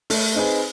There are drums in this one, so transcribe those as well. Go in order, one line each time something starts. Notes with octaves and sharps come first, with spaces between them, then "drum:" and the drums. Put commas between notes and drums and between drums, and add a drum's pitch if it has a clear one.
A3, drum: open hi-hat
C4 D#4 G#4 B4